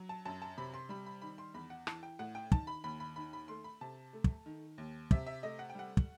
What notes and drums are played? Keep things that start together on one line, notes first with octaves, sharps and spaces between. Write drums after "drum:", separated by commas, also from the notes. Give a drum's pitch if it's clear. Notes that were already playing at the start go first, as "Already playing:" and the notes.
Already playing: F#3
A5
F#2 A5
A5
C3 B5
C6
G3 B5
B5
D#3 B5
C6
E2 B5
F#5
E3 A5, drum: rim click
G5
A2 F#5
G5
D#3 A5, drum: kick
B5
D#2 B5
B5
D#3 B5
B5
A3 C6
B5
C3 A5
A3
drum: kick
D#3
D#2
C3 E5, drum: kick
E5
A3 D#5
F#5
G5
G3 F#5
drum: kick